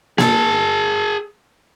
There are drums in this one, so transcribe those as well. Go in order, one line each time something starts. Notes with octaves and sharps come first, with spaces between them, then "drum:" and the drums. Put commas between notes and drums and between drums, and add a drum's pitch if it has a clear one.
G#4 A5, drum: snare A#3